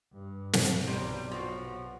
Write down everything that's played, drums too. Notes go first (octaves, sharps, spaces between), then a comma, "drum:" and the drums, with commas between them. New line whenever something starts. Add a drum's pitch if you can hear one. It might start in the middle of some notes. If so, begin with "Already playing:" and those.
G2
drum: snare
B1 C3 G3
F3 F#4